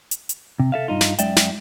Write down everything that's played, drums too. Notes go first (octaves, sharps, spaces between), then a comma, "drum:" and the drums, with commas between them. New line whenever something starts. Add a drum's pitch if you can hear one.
drum: hi-hat
drum: hi-hat
C3
A4 E5 F5
G2 D#4 F4
drum: snare
F#2 G#3 D5 E5 G5, drum: hi-hat
drum: snare